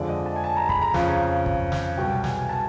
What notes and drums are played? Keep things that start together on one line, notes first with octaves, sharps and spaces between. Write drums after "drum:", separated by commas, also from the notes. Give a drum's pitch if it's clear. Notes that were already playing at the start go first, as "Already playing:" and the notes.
Already playing: F2 D3 F3 G#3 D5
D#5
A5
G#5
A5
A#5
B5, drum: kick
A#5
F2 C#3 F3, drum: snare
drum: kick
drum: snare
C2 B2 F#3 G5
G#5, drum: snare
A5